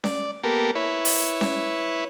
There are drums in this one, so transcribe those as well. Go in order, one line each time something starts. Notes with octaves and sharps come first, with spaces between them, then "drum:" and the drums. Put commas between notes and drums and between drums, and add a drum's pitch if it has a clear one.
D5, drum: snare C#4
A#3 B3 G4 A4 A#4
E4 B4 C#5
drum: open hi-hat
drum: snare C#4